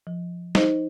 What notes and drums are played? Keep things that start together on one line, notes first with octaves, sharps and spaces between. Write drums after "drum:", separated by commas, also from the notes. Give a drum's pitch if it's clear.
F3
D#4 C5 D#5, drum: snare